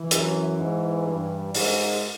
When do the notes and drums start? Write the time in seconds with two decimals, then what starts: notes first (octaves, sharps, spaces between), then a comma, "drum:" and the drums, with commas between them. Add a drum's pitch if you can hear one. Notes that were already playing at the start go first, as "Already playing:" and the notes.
Already playing: E3
0.11 F#2, drum: hi-hat
0.58 G#2
1.06 G2
1.54 G#2, drum: open hi-hat